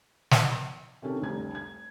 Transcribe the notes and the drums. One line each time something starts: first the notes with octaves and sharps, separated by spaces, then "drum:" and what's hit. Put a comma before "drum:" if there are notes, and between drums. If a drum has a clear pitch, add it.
drum: snare
C3 D#3 C#4 D4 G4 A4
F1 C2 D3 A#5 G#6
G#6